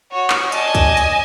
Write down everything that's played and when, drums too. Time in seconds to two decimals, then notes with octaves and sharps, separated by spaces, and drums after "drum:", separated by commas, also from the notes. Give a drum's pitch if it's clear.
0.11 F#4 C#5
0.30 drum: clap
0.52 D5 D#5 G#5 A5, drum: hi-hat
0.75 drum: kick C2, hi-hat
0.97 drum: hi-hat